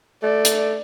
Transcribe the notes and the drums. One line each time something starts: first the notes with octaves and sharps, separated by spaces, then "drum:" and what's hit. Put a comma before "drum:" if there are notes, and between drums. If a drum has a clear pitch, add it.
A3 D5
drum: hi-hat